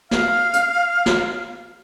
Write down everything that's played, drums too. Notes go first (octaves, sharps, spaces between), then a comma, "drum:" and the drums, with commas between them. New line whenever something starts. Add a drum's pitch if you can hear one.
F5 F6, drum: snare
drum: hi-hat
drum: snare